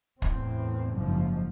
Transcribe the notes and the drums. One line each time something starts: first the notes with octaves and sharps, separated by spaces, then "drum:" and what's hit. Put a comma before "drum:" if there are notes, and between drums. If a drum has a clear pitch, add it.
E2 A2 C4, drum: kick
F#1 G#2 F3